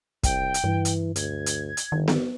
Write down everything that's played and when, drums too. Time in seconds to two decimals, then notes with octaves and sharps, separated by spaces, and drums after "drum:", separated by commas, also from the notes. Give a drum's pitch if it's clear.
0.23 C2 G5, drum: kick, hi-hat
0.54 drum: hi-hat
0.64 G2 E3
0.85 drum: hi-hat
1.16 D2 G#6, drum: hi-hat
1.46 drum: hi-hat
1.77 drum: hi-hat
1.92 G1 D#3
2.08 drum: snare B3